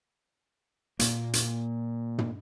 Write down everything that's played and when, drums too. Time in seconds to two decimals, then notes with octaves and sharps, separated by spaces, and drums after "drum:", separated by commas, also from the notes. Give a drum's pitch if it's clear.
0.99 A#2 A#3, drum: hi-hat
1.33 drum: hi-hat
2.18 drum: tom